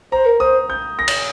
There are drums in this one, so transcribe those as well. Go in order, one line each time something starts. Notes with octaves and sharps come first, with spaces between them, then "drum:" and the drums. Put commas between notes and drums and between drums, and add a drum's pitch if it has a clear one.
C5 A#5
A#4
C5 D#6
G6
A#6
drum: cymbal